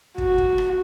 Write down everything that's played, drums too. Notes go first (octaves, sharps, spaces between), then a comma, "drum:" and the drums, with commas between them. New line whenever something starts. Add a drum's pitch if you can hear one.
F#4, drum: kick
drum: kick
drum: rim click